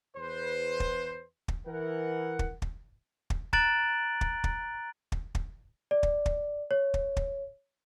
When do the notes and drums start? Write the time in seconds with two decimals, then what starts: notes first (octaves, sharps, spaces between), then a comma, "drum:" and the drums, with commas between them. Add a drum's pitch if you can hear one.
0.17 E2 B4 C5
0.80 drum: kick
1.48 drum: kick
1.67 E3 A#4 F#5
2.39 drum: kick
2.62 drum: kick
3.30 drum: kick
3.53 A#5 F#6 A6 D7 F#7, drum: kick
4.21 drum: kick
4.44 drum: kick
5.12 drum: kick
5.35 drum: kick
5.91 D5
6.03 drum: kick
6.26 drum: kick
6.71 C#5
6.94 drum: kick
7.17 drum: kick